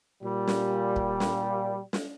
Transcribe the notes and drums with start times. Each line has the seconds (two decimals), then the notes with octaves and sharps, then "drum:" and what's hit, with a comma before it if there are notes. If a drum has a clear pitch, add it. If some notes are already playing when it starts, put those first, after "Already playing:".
0.23 A#2 G3
0.48 drum: snare
0.96 drum: kick
1.20 drum: snare
1.93 drum: snare